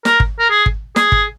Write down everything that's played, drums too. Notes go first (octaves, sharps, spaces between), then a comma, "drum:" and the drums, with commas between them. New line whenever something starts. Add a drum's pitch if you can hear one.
A#4, drum: snare
drum: kick
A#4
G#4
drum: kick
G#4, drum: snare
drum: kick